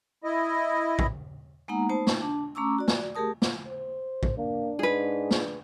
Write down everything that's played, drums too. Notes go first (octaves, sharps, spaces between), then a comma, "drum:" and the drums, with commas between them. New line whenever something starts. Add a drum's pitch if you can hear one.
E4 D#5
drum: kick
G#3 A#3 B3 D#4 F#5 A#5
A3 B3 D#4 C5 A5
drum: snare
D4 A5
A3 C#4 A#5 C#6 D6 E6
F#4 D5
drum: snare
A3 G4 G#4 A#4 A5 D#6
drum: snare
C5
drum: kick
A#3 D4
G#2 G#4 B4
drum: snare